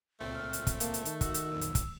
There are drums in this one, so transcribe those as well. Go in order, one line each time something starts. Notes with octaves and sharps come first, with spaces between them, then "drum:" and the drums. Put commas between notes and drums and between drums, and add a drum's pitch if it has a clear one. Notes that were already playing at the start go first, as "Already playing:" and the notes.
C#2 A#2 A3 C4
F6
drum: hi-hat
drum: kick, hi-hat
A#3 A5, drum: hi-hat
drum: hi-hat
D#3, drum: hi-hat
F#4 E6, drum: kick, hi-hat
drum: hi-hat
B1 F2 A#2
drum: hi-hat
drum: kick, hi-hat